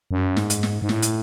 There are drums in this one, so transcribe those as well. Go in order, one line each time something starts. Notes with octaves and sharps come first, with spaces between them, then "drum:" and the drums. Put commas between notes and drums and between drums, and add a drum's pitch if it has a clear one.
F#2
G#2, drum: snare
drum: hi-hat
drum: snare
G#2
A2, drum: snare
drum: hi-hat